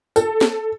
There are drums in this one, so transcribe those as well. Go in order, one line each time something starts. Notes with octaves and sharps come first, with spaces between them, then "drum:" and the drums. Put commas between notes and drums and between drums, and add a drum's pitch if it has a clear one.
A4, drum: tambourine
drum: snare